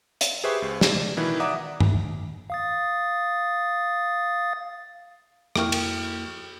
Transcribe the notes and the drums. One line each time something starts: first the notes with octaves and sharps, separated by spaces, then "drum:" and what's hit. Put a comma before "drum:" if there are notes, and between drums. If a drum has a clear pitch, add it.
drum: hi-hat
G4 G#4 B4 C5 E5 C#6
C#2
D5, drum: snare
B2 D#3 E3 E4
D5 E5 F#5 A#5 D6 D#6
drum: tom G2
F5 D#6 A6
F2 A#3 E4 G5 C#6 F6, drum: rim click
drum: cymbal